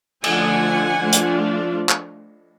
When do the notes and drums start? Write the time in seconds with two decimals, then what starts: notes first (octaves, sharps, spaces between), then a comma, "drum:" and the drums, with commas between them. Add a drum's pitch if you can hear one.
0.24 D3 F3 A3 D4 F4 F#5 G#5, drum: cymbal
1.00 F3 A3 D4 F4
1.12 drum: hi-hat
1.89 drum: clap